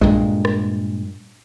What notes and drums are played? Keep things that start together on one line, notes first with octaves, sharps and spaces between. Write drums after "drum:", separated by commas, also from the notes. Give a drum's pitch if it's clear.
G2 A#2 G#3, drum: kick B1
drum: rim click